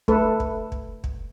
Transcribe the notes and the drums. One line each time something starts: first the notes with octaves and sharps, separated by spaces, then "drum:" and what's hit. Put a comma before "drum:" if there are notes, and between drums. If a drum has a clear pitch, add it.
A3 A4 B4, drum: kick
drum: kick
drum: kick
drum: kick